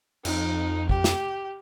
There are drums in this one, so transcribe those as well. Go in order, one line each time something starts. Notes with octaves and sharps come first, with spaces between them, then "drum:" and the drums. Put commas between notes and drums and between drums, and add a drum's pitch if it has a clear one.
F2 D#4, drum: cymbal
G4, drum: kick
drum: snare